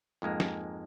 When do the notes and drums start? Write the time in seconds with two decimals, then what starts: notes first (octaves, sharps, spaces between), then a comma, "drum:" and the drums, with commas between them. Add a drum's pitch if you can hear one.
0.22 F2 G#2 G#3 A#3
0.40 drum: snare